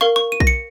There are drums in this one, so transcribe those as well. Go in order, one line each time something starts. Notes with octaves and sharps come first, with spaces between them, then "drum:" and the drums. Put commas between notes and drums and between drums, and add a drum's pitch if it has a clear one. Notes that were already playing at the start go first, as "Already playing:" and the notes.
A#4 F5 C#6
C#6
D#7
A#6, drum: kick B1
C#7